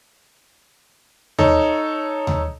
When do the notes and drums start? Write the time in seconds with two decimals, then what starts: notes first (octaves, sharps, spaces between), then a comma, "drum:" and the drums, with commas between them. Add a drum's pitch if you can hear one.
1.38 D#4 A4 C#5, drum: tom D#2
2.27 drum: tom D#2